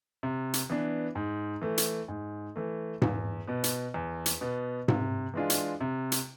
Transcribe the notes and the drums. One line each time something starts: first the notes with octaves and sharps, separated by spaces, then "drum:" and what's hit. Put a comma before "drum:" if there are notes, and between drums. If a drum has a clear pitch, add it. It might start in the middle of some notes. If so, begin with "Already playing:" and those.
C3
drum: hi-hat
E3 B3 D4
G#2
E3 A3
drum: hi-hat
G#2
E3 A3
E2, drum: tom G#2
B2 B3
drum: hi-hat
E2
drum: hi-hat
B2 B3
C3, drum: tom G#2
E3 G#3 D4 F4
drum: hi-hat
C3
drum: hi-hat